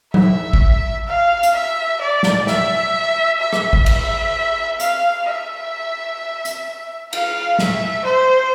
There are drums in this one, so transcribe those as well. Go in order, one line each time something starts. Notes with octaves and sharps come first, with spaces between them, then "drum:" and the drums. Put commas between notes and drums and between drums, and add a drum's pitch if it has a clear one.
E5, drum: tom F#3
drum: kick
F5
drum: hi-hat
E5
D5
drum: snare
E5, drum: snare
E5
drum: rim click
drum: kick
E5, drum: cymbal
F5, drum: hi-hat
E5
drum: hi-hat
F5, drum: cymbal
E5, drum: snare
C5